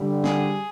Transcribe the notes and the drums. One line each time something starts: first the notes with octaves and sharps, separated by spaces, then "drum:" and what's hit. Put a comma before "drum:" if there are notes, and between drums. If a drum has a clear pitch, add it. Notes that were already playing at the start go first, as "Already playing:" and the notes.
Already playing: D3 G3
G#4, drum: snare